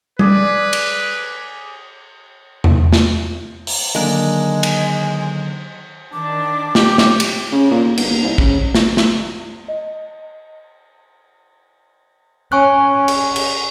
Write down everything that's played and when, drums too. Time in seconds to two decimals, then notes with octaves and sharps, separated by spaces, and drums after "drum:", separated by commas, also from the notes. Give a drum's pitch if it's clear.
0.19 G#4 B4 D5, drum: tom G3
0.73 drum: cymbal
2.64 drum: tom E2
2.93 drum: snare
3.67 drum: open hi-hat
3.95 D3 D#3 F#3 G#3 A#3 D4
4.63 drum: cymbal
6.13 D#3 D4 D6
6.75 G4, drum: snare
6.98 drum: snare
7.20 drum: cymbal
7.52 C#3
7.71 A#2
7.84 D#2
7.97 G1, drum: cymbal
8.10 D#2
8.23 C2
8.38 C#3, drum: kick
8.75 drum: snare
8.97 drum: snare
9.68 D#5
12.52 C#4 G#5 C#6 F#6
13.08 drum: cymbal
13.36 drum: cymbal